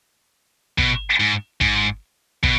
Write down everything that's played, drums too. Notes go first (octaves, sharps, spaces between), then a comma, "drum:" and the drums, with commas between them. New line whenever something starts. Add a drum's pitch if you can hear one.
B2, drum: kick
G#2
G#2, drum: kick
B2, drum: kick